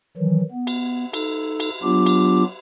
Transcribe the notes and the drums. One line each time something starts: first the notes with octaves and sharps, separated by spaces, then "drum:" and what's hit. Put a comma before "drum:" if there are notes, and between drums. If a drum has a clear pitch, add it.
D#3 E3 F#3
B3
drum: cymbal
D#4 A4, drum: cymbal
drum: cymbal
F#3 B3 D4 F4 G4 D6
drum: cymbal